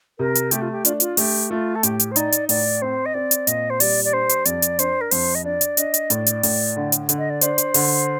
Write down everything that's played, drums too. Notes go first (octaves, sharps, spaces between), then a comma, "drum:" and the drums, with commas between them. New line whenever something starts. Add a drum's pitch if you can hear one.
C3 A#4
drum: hi-hat
A3 G4, drum: hi-hat
F4
G4
D4 F4, drum: hi-hat
F4, drum: hi-hat
A3 G4, drum: open hi-hat
A3 F4
A4
A2 G4, drum: hi-hat
drum: hi-hat
C5
D#4 D5, drum: hi-hat
drum: hi-hat
A2 D5, drum: open hi-hat
C4 C5
D#5
C4 D5
drum: hi-hat
A#2 D#5, drum: hi-hat
C5
G3 D5, drum: open hi-hat
D5
D4 C5
drum: hi-hat
F2 D5, drum: hi-hat
drum: hi-hat
D4 C5, drum: hi-hat
A#4
F2 C5, drum: open hi-hat
D#5
D4 D5
drum: hi-hat
D4 D#5, drum: hi-hat
drum: hi-hat
A2 D5, drum: hi-hat
drum: hi-hat
A2, drum: open hi-hat
D3
drum: hi-hat
D3, drum: hi-hat
D#5
D5
D4 C5, drum: hi-hat
drum: hi-hat
D3, drum: open hi-hat